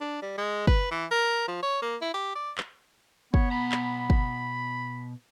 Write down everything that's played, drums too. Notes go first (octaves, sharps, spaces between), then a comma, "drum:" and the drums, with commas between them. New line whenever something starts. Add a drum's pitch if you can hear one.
D4
G3
G#3
B4, drum: kick
E3
A#4
F3
C#5
A#3
E4
G4
D5
drum: clap
B3 C#5, drum: kick
B2 A#5 B5
drum: clap
drum: kick